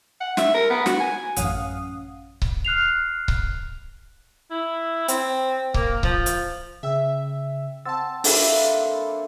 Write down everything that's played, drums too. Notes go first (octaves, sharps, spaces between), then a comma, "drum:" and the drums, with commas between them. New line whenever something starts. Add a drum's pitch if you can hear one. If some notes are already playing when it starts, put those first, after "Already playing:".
F#5
E5, drum: snare
A#4
B3
F#4, drum: snare
G#5
A1 F#2 C#4 F5 F#5 D#6, drum: hi-hat
drum: kick C#1
F6 F#6 C7 F7
drum: kick C#1
E4
C4, drum: hi-hat
A#3, drum: kick C#1
F3, drum: kick C#1
drum: hi-hat
C#3 E5 G5 E6
C4 F#5 A5 E6 A6
G3 A#3 D4 E4 A4 C#5, drum: open hi-hat